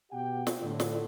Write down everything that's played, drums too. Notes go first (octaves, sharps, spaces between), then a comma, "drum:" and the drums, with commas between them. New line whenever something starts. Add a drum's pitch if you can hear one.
B2 G4 F#5 G5
drum: snare
A2 D3
drum: snare